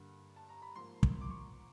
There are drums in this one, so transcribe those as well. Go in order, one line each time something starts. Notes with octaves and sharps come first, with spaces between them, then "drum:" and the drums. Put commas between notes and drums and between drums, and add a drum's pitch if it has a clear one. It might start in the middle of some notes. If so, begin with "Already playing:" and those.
Already playing: G2 D3 G3 A#3
A5
A#5
B5
G#2 F3 A#3 C6
drum: kick
D6
C#6